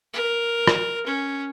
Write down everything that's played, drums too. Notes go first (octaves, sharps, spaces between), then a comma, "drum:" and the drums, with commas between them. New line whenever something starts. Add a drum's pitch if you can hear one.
A#4
drum: rim click
C#4